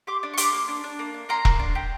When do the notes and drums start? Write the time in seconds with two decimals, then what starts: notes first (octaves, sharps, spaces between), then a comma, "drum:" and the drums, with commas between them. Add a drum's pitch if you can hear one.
0.07 G4 C6 D6
0.23 D4
0.34 C#6
0.37 G4 C6 D6, drum: hi-hat
0.53 A#3
0.68 D4
0.84 D4
0.99 A#3
1.14 D4
1.29 A#3 A#5 C6
1.45 A#3, drum: kick E1
1.59 D4
1.75 G4